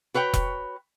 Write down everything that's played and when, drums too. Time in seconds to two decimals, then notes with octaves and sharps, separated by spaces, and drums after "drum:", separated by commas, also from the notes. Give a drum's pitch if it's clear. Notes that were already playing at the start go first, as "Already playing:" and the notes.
0.14 F#4 B4 C#5 G5
0.34 drum: kick E1, hi-hat